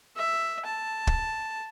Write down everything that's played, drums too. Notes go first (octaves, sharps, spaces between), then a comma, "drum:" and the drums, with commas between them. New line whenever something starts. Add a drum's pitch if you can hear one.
E5
A5
drum: kick